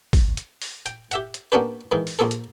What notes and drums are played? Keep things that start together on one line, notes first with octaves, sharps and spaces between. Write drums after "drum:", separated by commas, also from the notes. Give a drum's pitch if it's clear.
drum: kick, open hi-hat
drum: hi-hat
drum: open hi-hat
G5, drum: hi-hat
G4 E5 F#5, drum: hi-hat
drum: hi-hat
A#3 B3 C#4 D4 G4 B4
G#2 D#3 E3
drum: open hi-hat
A#1 F3 A#3 G#4 A4
drum: hi-hat